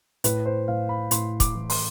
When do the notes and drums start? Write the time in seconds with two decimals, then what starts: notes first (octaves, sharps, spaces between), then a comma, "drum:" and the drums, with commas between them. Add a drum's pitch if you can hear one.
0.24 A2 B4, drum: hi-hat
0.46 C5
0.68 A2 F5
0.89 B5
1.11 A2 C6, drum: hi-hat
1.40 D6, drum: kick, hi-hat
1.55 E3
1.70 C6, drum: open hi-hat